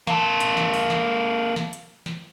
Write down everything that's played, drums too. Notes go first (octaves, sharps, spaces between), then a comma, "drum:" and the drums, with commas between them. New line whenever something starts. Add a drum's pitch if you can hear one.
A#3 A4, drum: snare
drum: hi-hat
drum: snare
drum: open hi-hat
drum: snare
drum: snare
drum: hi-hat
drum: snare